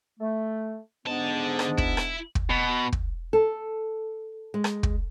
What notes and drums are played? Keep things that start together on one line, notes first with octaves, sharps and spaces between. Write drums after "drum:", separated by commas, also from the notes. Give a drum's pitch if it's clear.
A3
G#2 D3 B3 D4 A5
drum: rim click
E4, drum: kick
drum: rim click
drum: kick
B2
drum: kick
A4
G#3
drum: rim click
drum: kick